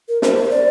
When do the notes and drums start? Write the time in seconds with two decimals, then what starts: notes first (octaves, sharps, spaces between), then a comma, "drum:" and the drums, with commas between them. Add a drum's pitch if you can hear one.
0.08 A#4
0.22 C5, drum: snare
0.36 C5
0.51 D5